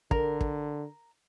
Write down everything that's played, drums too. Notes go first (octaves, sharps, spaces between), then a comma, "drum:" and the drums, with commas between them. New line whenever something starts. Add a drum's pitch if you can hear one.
D3 A#4, drum: kick
drum: kick